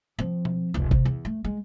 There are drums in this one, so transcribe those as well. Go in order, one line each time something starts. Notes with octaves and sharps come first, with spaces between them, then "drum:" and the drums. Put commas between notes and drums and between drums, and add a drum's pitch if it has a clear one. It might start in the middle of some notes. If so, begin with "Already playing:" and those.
F3 C4
drum: tom B2
F1 C#2
C3, drum: kick G1
E2
A3
G#3